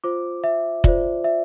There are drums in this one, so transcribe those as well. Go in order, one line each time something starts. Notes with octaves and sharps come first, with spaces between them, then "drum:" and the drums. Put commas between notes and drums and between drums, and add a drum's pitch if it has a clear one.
F4 C5 D6
E5
F4 C5 D5, drum: kick
E5